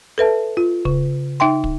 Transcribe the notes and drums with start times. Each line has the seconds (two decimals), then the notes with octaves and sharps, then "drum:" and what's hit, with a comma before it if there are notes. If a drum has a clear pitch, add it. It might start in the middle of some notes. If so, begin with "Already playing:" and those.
0.18 A4 B4 E5 A5
0.57 F4
0.85 C#3, drum: kick
1.40 D#4 E5 G5 C6
1.64 drum: kick